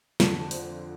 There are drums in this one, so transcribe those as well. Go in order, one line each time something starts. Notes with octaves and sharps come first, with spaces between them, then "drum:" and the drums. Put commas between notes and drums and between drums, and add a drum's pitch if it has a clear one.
F2 D3 F3 A5, drum: snare
C5, drum: open hi-hat